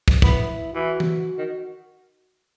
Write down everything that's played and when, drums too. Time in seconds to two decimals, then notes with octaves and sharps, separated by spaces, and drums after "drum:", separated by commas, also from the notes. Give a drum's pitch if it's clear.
0.08 drum: kick
0.22 B3 E4, drum: kick
0.74 E3 F#4
1.00 drum: tom E3
1.38 D#3